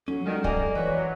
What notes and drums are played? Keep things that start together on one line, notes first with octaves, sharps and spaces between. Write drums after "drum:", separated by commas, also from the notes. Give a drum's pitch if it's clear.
F#3 C#4 A4
D#3 G3 G#3
A#3 G4 D5 D#5 G#5, drum: kick
E2 E3 F#4 B4 C#5
F#3